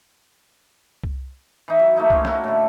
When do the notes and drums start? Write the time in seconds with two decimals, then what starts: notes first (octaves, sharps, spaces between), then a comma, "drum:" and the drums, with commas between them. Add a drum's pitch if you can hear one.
1.04 drum: kick C2
1.68 E3 D#4
1.79 F#3
1.96 A3 A#3 D#4 E4
2.10 C#4 C5 C#5, drum: kick C2
2.25 A#3 C#4 E4 F#4, drum: snare
2.44 A2 D3